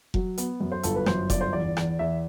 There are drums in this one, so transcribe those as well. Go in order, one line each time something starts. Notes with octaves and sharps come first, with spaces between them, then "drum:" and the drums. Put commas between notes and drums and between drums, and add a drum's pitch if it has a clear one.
F#3, drum: kick F1
B3, drum: hi-hat
F#2
C5
G1 A4, drum: hi-hat
B4
F#2 C5, drum: rim click
G1 D5, drum: kick F1, hi-hat
C5
E2 D5
E2, drum: rim click
E2 E5